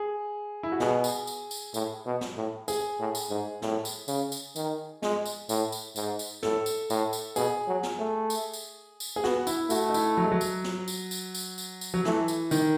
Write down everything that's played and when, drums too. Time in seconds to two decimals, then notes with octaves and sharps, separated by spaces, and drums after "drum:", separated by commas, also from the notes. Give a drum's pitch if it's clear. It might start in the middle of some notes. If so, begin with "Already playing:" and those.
Already playing: G#4
0.63 E4
0.72 F#4
0.80 B2 G#4, drum: snare
1.04 drum: tambourine
1.27 drum: tambourine
1.51 drum: tambourine
1.74 A2, drum: tambourine
2.06 B2
2.21 drum: snare
2.37 A2
2.68 G#4, drum: tambourine
3.00 A2
3.15 drum: tambourine
3.30 G#2
3.62 A2, drum: snare
3.85 drum: tambourine
4.08 C#3, drum: tambourine
4.32 drum: tambourine
4.56 D#3, drum: tambourine
5.02 G#3, drum: snare
5.26 drum: tambourine
5.49 A2, drum: tambourine
5.72 drum: tambourine
5.96 G#2, drum: tambourine
6.19 drum: tambourine
6.43 A2 A4, drum: snare
6.66 drum: tambourine
6.90 A2, drum: tambourine
7.13 drum: tambourine
7.36 B2 G#4, drum: tambourine
7.68 F#3
7.83 drum: snare
7.99 A3
8.30 drum: tambourine
8.53 drum: tambourine
9.00 drum: tambourine
9.16 G#4
9.24 B3 F#4, drum: snare
9.47 E4, drum: tambourine
9.70 A3 F#4, drum: tambourine
9.89 D#4
9.94 E4, drum: tambourine
10.17 F#3
10.25 G#3
10.32 F#3
10.41 drum: tambourine
10.64 drum: snare
10.88 drum: tambourine
11.11 drum: tambourine
11.34 drum: tambourine
11.58 drum: tambourine
11.81 drum: tambourine
11.94 F#3
12.05 E3 A3, drum: snare
12.28 drum: tambourine
12.51 D#3, drum: tambourine